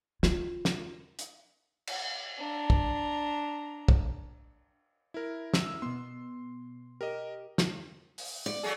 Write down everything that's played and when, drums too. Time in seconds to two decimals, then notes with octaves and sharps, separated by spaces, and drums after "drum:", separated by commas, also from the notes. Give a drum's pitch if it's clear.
0.23 F4, drum: snare
0.65 drum: snare
1.19 drum: hi-hat
1.87 drum: cymbal
2.38 D4 A#5
2.70 drum: kick
3.88 drum: kick
5.14 E4 A#4
5.54 E6, drum: snare
5.82 B2 B3 C6
7.01 G4 A#4 D#5
7.58 drum: snare
8.18 drum: open hi-hat
8.46 D5
8.63 F#3 A3 G#4